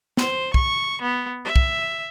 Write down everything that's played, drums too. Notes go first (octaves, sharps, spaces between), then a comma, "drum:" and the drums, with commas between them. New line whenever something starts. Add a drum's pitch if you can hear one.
C5, drum: snare
C#6, drum: kick
B3
E5
drum: kick